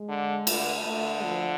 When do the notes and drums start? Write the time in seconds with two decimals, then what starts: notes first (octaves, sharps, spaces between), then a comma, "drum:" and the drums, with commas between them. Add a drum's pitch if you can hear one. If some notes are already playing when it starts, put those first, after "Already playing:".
Already playing: G#3
0.09 D3
0.47 D3 A3, drum: cymbal
0.85 D3 A3
1.25 F3